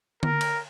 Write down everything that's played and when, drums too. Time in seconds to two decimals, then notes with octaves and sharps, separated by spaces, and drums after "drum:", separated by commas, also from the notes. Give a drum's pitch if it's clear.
0.23 A#4, drum: tom D3
0.41 drum: cymbal